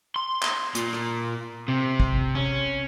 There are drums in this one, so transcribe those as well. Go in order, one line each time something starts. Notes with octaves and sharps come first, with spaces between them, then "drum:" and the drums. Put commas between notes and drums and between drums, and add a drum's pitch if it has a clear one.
C6
drum: clap
A#2, drum: hi-hat
drum: rim click
C3
drum: kick
C#4